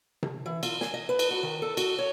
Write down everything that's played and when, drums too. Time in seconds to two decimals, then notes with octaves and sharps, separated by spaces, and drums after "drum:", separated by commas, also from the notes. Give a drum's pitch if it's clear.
0.23 drum: tom C3
0.46 E3
0.63 F4, drum: cymbal
0.81 G#5, drum: snare
0.94 D#5
1.09 B4
1.19 drum: cymbal
1.31 F#4
1.43 D#3
1.62 A4
1.77 F#4, drum: cymbal
1.98 C#5